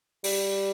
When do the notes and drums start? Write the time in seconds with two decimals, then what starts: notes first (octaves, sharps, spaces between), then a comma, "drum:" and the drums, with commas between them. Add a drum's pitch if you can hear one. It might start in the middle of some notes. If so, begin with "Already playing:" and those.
0.24 G3, drum: open hi-hat